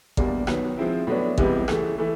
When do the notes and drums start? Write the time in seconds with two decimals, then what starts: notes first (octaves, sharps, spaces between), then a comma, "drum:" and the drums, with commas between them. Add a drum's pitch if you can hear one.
0.17 E2 B2 G3 A#3 D4, drum: kick G#1
0.47 D#3 F#3 B3, drum: rim click
0.77 F3 G#3 C4 E4
1.07 A2 F#3 B3 D4
1.38 C#2 C3 E3 G3 B3, drum: kick G#1
1.68 C#3 E3 A3, drum: rim click
1.98 E3 A3